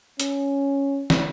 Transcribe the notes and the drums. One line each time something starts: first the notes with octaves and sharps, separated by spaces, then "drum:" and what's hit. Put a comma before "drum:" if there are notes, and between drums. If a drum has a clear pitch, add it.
C#4, drum: hi-hat
drum: snare